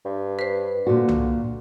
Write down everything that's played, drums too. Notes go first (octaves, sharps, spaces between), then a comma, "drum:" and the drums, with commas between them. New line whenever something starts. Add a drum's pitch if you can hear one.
G2
B4 C5
A#2 D3 F#4
drum: tom C2